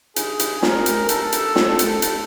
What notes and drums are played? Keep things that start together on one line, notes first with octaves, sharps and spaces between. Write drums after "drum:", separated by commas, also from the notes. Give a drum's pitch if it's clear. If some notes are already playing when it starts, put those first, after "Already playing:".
G#4, drum: hi-hat
drum: hi-hat
A#4, drum: snare
drum: hi-hat
A4, drum: hi-hat
drum: hi-hat
drum: snare
drum: hi-hat
drum: hi-hat